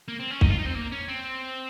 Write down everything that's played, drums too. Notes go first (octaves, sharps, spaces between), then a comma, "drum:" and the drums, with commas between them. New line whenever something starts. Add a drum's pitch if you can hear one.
A#3
C4
C#4
D#4, drum: kick
F4
D#4
C4
A#3
C#4
C4